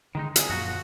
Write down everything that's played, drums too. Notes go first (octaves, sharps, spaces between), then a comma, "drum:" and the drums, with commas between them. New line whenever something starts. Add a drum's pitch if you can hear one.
D3 D#3 G#3 D#4
C4 G4 G#4, drum: hi-hat
F#2 A#2 F3 F#4
F#4